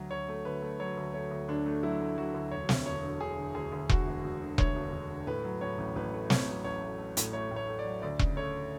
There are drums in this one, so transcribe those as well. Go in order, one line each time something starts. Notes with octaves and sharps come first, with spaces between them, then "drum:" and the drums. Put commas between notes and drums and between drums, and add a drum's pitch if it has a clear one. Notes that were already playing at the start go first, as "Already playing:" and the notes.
Already playing: D2 F#3
D2 C#5
A3
D2 B4
A3
F#3 C#5
D2
A3 C#5
D2
D2 D4
A3
F#3 E4
A3
F#3 F#4
D2
E1 C#5
D2, drum: snare
E1 C#5
D3
D3 G#4
D3
D2 G#4
D2
D2 F#4, drum: kick E1
E1
E1
D3
D2 C#5, drum: kick E1
E1
E1
D3
A2 B4
F#3
A2 C#5
A1
A1 B4
A3
A3 C#5, drum: snare
F#3
A1 C#5
A3
A3
A2, drum: hi-hat
A3 C#5
A2
C#5
A3
D5
F#3
D2 D5
C#3, drum: kick E1
A3 C#5